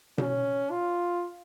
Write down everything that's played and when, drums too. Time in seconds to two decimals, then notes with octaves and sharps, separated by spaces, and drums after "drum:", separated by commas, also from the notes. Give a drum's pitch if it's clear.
0.18 C#4, drum: tom B2
0.71 F4